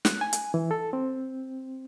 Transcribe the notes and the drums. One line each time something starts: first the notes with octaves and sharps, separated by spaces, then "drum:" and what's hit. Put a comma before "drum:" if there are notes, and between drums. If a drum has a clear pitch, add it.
F#6, drum: snare
G#5
drum: hi-hat
E3
A4
C4